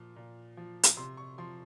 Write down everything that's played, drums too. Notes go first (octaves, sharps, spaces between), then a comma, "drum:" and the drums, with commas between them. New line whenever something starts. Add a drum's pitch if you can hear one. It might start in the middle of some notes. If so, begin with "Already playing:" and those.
Already playing: A#2 F3
A#2
F3
drum: hi-hat
C3 C6
C#6
F3 C6